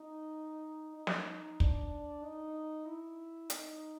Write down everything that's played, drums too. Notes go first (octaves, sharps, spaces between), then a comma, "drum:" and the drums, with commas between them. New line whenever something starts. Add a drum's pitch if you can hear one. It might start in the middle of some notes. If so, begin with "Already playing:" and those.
Already playing: D#4
D#4
drum: snare
D#4
D4, drum: kick
D#4
E4
D#4, drum: hi-hat